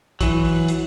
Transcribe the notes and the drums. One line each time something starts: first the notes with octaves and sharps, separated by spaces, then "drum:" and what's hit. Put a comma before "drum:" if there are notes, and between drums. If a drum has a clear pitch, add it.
E3 F#3, drum: kick, hi-hat
drum: open hi-hat
drum: hi-hat